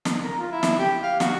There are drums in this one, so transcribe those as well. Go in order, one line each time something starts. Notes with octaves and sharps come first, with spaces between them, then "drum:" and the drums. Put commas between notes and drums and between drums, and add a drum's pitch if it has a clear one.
drum: snare
A#4
F4
E4
drum: snare
G4
F5
F#4, drum: snare